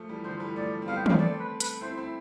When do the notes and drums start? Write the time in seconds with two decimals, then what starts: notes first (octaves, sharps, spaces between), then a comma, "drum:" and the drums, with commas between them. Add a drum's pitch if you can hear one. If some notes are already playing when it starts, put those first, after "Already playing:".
Already playing: F3 A3
0.09 E3 G3
0.24 D3 F3 C5
0.40 E3 G3
0.56 F3 A3 D5
0.82 C4
0.88 G3 B3 F5
0.96 G5
1.06 F5, drum: tom D#3
1.19 A3 C4 D5
1.40 B4
1.60 B4, drum: hi-hat
1.81 C4 E4 C5
1.97 C4 E4